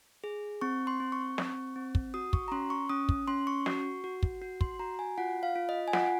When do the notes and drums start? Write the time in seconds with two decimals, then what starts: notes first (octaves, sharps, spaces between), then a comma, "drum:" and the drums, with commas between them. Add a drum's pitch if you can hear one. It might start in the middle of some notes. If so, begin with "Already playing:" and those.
0.24 G#4
0.61 C4 C#6
0.87 C6
1.00 C4
1.12 C#6
1.38 C4, drum: snare
1.76 C4
1.95 drum: kick
2.14 F#4 D#6
2.33 C#6, drum: kick
2.48 A#5
2.52 C#4 C6
2.70 C#6
2.89 C#4 D#6
3.09 drum: kick
3.28 C#4 C6
3.47 C#6
3.66 F#4, drum: snare
4.04 F#4
4.23 drum: kick
4.42 F#4
4.61 C6, drum: kick
4.79 F#4 A#5
4.99 G#5
5.18 F4 F#5
5.43 F5
5.56 F4
5.69 D#5
5.88 G#5
5.93 F4 F#5, drum: snare